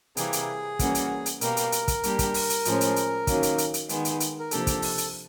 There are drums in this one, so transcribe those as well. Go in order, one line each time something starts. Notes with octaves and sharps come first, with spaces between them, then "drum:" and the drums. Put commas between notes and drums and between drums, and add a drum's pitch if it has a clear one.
C3 E3 G3 A#3 G#4, drum: hi-hat
drum: hi-hat
E3 G3 A#3 C#4 F#4, drum: kick, hi-hat
drum: hi-hat
drum: hi-hat
B2 G3 A#3 A#4, drum: hi-hat
drum: hi-hat
drum: hi-hat
drum: kick, hi-hat
G3 A#3 D4 G4, drum: hi-hat
drum: kick, hi-hat
drum: open hi-hat
drum: hi-hat
A2 F3 G#3 C#4, drum: hi-hat
drum: hi-hat
drum: hi-hat
D#3 F#3 A#3 C#4, drum: kick, hi-hat
drum: hi-hat
drum: hi-hat
drum: hi-hat
D#3 G#3 B3, drum: hi-hat
drum: hi-hat
drum: hi-hat
A#4
C3 F3 A#3 D4 G4 A4, drum: hi-hat
drum: kick, hi-hat
drum: open hi-hat
drum: hi-hat